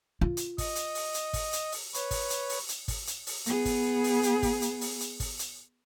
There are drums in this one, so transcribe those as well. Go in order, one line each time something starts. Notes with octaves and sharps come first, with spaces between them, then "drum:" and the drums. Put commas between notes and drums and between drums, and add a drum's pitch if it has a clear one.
F4
drum: hi-hat
D#5, drum: kick, open hi-hat
drum: hi-hat
drum: open hi-hat
drum: hi-hat
drum: kick, open hi-hat
drum: hi-hat
drum: open hi-hat
B4 C#5, drum: hi-hat
drum: kick, open hi-hat
drum: hi-hat
drum: open hi-hat
drum: hi-hat
drum: kick, open hi-hat
drum: hi-hat
drum: open hi-hat
B3 G#4, drum: hi-hat
drum: kick, open hi-hat
drum: open hi-hat
drum: hi-hat
drum: kick, open hi-hat
drum: hi-hat
drum: open hi-hat
drum: hi-hat
drum: kick, open hi-hat
drum: hi-hat